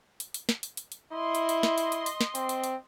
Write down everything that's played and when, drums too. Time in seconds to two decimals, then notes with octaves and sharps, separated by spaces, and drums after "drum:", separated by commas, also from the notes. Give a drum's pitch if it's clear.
0.20 drum: hi-hat
0.34 drum: hi-hat
0.49 drum: snare
0.63 drum: hi-hat
0.77 drum: hi-hat
0.92 drum: hi-hat
1.13 E4 D#5 C6
1.35 drum: hi-hat
1.49 drum: hi-hat
1.63 drum: snare
1.78 drum: hi-hat
1.92 drum: hi-hat
2.06 drum: hi-hat
2.21 drum: snare
2.35 C4, drum: hi-hat
2.49 drum: hi-hat
2.64 drum: hi-hat